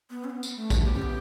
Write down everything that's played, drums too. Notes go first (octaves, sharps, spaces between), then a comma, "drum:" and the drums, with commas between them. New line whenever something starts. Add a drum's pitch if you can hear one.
B3
C#4
B3
drum: tambourine
A3
drum: kick, tambourine
B3 G4
C#4
B3